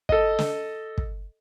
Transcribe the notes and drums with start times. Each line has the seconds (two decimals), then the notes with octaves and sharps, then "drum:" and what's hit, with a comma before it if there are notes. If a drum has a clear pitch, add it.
0.09 A4 D#5, drum: kick
0.39 drum: snare
0.98 drum: kick